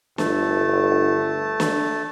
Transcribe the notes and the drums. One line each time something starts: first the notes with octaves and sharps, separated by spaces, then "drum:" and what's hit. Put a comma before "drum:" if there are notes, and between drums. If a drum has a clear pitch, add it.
G1 A3 A5, drum: snare
drum: snare